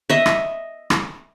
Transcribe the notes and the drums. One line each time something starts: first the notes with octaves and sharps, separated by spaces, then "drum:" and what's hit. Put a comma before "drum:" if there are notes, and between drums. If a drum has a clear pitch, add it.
D#5 E5
drum: rim click
drum: rim click